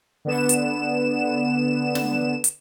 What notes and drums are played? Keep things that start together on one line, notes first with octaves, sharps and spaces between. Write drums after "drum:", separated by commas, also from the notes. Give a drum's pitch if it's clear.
D3 B3 E7
drum: hi-hat
drum: snare
drum: hi-hat